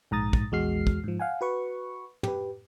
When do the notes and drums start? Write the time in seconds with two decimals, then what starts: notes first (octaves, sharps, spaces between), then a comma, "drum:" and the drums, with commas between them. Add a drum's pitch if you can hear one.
0.11 A#1 G#2 A#5 D#6 A6
0.33 drum: kick
0.52 A#1 E2 G#3 F#4 F6 C7
0.87 drum: kick
1.04 G#2 F3
1.20 F5 F#5 G#5
1.41 F#4 B4 C#6
2.23 G4 B4, drum: tom